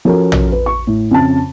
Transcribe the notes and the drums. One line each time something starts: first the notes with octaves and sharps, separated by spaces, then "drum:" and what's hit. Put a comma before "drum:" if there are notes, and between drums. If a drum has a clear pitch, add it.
F3 C#4 F#4 A4 A#4
drum: tom A#1
B4
C#6
A2
F2 C#3 A5